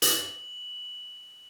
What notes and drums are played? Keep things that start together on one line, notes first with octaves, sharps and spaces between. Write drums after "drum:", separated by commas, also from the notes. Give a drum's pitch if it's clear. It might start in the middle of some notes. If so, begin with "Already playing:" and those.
F#7, drum: hi-hat